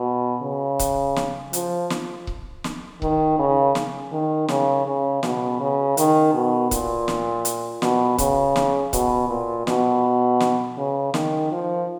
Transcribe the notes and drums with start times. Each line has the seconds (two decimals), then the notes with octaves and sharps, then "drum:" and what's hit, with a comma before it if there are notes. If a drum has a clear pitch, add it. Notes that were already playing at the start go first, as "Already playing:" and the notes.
Already playing: B2
0.42 C#3
0.79 drum: kick C#1, hi-hat
1.16 drum: snare
1.53 F3, drum: hi-hat
1.90 drum: snare
2.27 drum: kick C#1
2.64 drum: snare
3.02 D#3, drum: kick C#1
3.39 C#3
3.75 drum: snare
4.12 D#3
4.48 C#3, drum: snare
4.87 C#3
5.23 B2, drum: snare
5.60 C#3
5.97 D#3, drum: hi-hat
6.34 B2
6.71 A#2, drum: kick C#1, hi-hat
7.08 drum: snare
7.45 drum: hi-hat
7.82 B2, drum: snare
8.18 C#3, drum: kick C#1, hi-hat
8.56 drum: snare
8.93 B2, drum: kick C#1, hi-hat
9.29 A#2
9.67 B2, drum: snare
10.40 drum: snare
10.77 C#3
11.14 D#3, drum: snare
11.52 F3